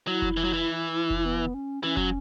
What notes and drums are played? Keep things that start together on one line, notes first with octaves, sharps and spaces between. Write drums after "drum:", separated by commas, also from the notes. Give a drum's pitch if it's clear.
F#3 E4
drum: kick F1
E3
F#3
E3
drum: kick F1
B3
C#4
E3 C#4
F#3, drum: kick F1